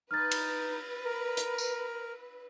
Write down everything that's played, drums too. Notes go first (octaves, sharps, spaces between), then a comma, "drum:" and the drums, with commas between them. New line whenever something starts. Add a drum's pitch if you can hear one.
D#4 B4 F6 A6
drum: cymbal
A#4
drum: hi-hat
drum: tambourine